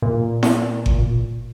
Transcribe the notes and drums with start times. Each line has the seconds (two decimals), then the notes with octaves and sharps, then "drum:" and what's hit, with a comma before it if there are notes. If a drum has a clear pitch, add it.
0.02 A#2
0.43 drum: snare E4
0.86 drum: kick G1